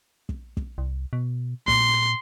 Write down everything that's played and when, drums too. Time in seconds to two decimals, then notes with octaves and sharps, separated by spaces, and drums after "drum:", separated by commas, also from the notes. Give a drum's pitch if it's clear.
0.29 drum: kick
0.57 drum: kick
0.78 C2
1.13 B2
1.68 A#2 C6, drum: kick